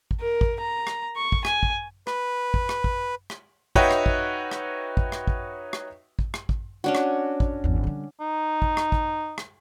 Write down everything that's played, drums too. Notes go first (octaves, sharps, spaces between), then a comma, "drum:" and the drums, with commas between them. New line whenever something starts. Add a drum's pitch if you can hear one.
drum: kick
A#4
drum: kick
A#5
drum: rim click
C#6
drum: kick
G#5, drum: rim click
drum: kick
B4, drum: rim click
drum: kick
drum: rim click
drum: kick
drum: rim click
D#4 F#4 B4 C#5 E5 G5, drum: kick
drum: rim click
drum: kick
drum: rim click
drum: kick
drum: rim click
drum: kick
drum: rim click
drum: kick
drum: rim click
drum: kick
C#4 D4 F#4
drum: rim click
drum: kick
G#1 E2
D3 G3
D#4
drum: kick
drum: rim click
drum: kick
drum: rim click